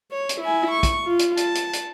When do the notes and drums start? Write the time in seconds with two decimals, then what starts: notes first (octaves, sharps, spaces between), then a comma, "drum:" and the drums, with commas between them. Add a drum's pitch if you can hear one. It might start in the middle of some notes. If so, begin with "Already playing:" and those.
0.11 C#5
0.29 drum: hi-hat
0.41 E4 G#5
0.71 C#6
0.83 drum: kick, hi-hat
1.05 F4
1.19 drum: hi-hat
1.37 A5, drum: hi-hat
1.55 drum: hi-hat
1.73 drum: hi-hat